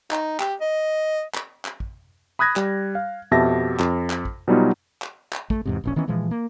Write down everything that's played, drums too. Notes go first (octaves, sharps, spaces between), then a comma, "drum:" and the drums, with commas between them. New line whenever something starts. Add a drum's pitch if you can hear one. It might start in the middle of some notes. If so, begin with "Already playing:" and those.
D#4, drum: clap
G4, drum: clap
D#5
drum: clap
drum: clap
drum: kick
B5 D#6 F#6 G#6 A#6
G3, drum: clap
F5
F2 B2 G4 E5 A5 A#6
F2, drum: clap
drum: clap
drum: kick
B2 F#3 G3 B3 D#4 F4
drum: clap
drum: clap
A3, drum: kick
E2 G#2 C3
D#1 A#1 C#4
D#3 E3 B3 C#4
A#2 E3 F3 G#3
A#3